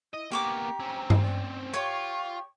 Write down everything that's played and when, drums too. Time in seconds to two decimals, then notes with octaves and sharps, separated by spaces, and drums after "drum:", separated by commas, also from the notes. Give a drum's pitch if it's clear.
0.13 E4 D#5
0.31 A#3 B3 G4 A#5 C#6 D6
0.80 C4 C#4
1.10 drum: tom G2
1.22 D5
1.74 F4 G4 C#5 C#6